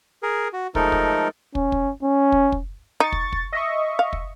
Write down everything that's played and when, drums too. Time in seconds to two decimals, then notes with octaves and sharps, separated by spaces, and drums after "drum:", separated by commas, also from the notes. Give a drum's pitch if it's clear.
0.23 G#4 A#4
0.53 F#4
0.75 F3 G#3 A3 D#4 A4 A#4, drum: kick
0.92 drum: kick
1.55 C#4, drum: kick
1.72 drum: kick
2.03 C#4
2.32 drum: kick
2.52 drum: kick
3.00 D#4 C#6 A6
3.12 drum: kick
3.32 drum: kick
3.52 D#5 E5 C#6
3.99 F5
4.13 drum: kick